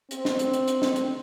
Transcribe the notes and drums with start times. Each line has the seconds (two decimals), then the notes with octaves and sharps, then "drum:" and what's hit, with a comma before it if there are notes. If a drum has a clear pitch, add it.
0.11 C4, drum: hi-hat
0.25 drum: snare
0.39 drum: hi-hat
0.53 drum: hi-hat
0.68 drum: hi-hat
0.82 drum: snare
0.96 drum: hi-hat